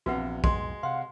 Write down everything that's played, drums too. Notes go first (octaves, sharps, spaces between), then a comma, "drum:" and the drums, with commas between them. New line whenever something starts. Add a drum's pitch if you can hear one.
A#1 E2 C3 F#4 B4 F#5
B1 F2 G#3 C6, drum: kick
C3 F5 F#5 C6